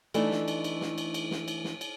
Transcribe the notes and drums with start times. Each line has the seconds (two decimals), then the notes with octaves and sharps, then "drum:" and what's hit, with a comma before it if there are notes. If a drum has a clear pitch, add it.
0.14 E3 A3 D4 D#4, drum: cymbal
0.31 drum: snare
0.48 drum: cymbal
0.64 drum: cymbal
0.81 drum: snare
0.98 drum: cymbal
1.14 drum: cymbal
1.31 drum: snare
1.48 drum: cymbal
1.64 drum: snare
1.81 drum: cymbal